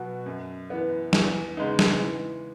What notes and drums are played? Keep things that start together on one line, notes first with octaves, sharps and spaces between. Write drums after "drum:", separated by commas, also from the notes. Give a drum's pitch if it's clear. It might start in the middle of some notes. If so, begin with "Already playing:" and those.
Already playing: B2 F#3 B3 F#4
F#2
E3 B3
E2, drum: snare
C#3 G#3 B3 D#4
drum: snare
E3